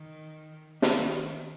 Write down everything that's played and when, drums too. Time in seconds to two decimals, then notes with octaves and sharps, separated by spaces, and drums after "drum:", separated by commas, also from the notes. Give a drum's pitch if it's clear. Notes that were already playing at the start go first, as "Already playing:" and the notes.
Already playing: D#3
0.82 D#3, drum: snare